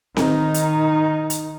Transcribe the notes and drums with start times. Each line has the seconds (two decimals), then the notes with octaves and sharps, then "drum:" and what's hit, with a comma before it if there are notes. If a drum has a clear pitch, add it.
0.17 D#3 D#4, drum: snare C4
0.54 drum: hi-hat
1.30 drum: hi-hat